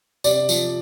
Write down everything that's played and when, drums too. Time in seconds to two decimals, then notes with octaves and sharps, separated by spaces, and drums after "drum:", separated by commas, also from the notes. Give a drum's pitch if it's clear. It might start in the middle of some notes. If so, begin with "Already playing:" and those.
0.24 C3 D5, drum: tambourine
0.49 F3, drum: tambourine